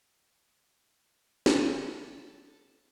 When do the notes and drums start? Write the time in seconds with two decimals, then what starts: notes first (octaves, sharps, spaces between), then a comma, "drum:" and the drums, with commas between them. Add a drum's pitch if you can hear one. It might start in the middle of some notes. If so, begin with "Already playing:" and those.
1.46 drum: snare
1.67 A4 C#5 D5 F#5